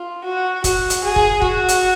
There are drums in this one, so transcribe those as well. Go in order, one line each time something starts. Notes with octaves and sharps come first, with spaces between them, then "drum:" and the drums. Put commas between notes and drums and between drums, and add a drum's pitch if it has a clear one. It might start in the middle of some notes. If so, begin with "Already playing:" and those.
Already playing: F4
F#4
F#4, drum: kick, hi-hat
drum: hi-hat
G#4
drum: kick
F#4, drum: kick
drum: hi-hat